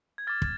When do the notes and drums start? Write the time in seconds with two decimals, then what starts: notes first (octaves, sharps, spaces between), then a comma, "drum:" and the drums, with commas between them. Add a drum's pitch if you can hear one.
0.18 G#6
0.27 D6 F6 A6
0.42 drum: kick